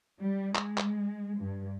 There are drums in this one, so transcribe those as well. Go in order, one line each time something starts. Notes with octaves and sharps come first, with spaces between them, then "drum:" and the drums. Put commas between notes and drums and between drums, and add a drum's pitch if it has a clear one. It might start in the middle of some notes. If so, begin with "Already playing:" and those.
G3
G#3, drum: clap
drum: clap
G2